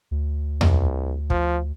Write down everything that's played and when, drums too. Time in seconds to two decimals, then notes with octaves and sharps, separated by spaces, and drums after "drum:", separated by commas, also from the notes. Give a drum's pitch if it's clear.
0.11 D2
0.61 C2, drum: tom E2
1.30 F3, drum: kick